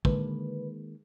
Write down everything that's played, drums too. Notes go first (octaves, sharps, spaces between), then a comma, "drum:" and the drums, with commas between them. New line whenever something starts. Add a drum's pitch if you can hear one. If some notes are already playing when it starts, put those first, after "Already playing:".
D3 D#3 G#3 A#3 B4, drum: kick